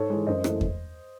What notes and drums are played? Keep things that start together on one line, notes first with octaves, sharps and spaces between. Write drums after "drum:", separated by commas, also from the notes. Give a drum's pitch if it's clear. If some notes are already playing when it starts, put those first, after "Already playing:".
Already playing: G#2 A4 C#5
E3 G#3
F#2 C5 D#5
E3 A3, drum: rim click
drum: kick E2